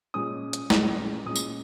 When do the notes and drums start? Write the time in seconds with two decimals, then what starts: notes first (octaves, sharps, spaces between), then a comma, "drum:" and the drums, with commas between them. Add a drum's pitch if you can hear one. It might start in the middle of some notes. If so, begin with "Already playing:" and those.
0.14 A#2 G#3 C#4 D#6
0.53 drum: hi-hat
0.70 A#2 G#3 C#4, drum: snare
1.26 A#2 G#3 C#4 D#6
1.36 drum: tambourine